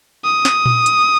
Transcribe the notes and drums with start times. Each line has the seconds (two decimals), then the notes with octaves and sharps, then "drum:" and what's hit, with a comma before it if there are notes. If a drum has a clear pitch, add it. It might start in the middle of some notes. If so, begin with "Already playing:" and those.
0.25 D#6
0.45 drum: snare
0.66 drum: tom A#2
0.86 drum: hi-hat